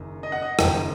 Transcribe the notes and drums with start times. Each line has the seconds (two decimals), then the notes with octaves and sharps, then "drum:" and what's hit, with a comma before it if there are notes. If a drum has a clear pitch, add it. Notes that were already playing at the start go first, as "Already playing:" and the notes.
Already playing: F#1 F#2 D#3
0.23 D#5
0.32 F#5
0.42 D#5
0.59 F#1 F#2 D#3 G5, drum: rim click